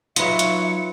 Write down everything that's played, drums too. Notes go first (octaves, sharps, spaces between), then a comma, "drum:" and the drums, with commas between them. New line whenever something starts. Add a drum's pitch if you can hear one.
F#3 D#4 F4 B4 E5 C#7, drum: hi-hat
drum: hi-hat